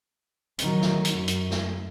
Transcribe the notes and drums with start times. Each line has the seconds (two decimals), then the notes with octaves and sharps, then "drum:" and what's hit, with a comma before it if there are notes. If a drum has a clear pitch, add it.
0.58 D#3 F#3, drum: hi-hat
0.82 drum: snare
1.05 drum: hi-hat
1.14 F#2
1.28 drum: hi-hat
1.51 drum: snare